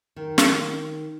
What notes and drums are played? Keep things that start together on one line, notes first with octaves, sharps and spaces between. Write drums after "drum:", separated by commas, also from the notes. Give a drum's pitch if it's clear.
D#3
drum: snare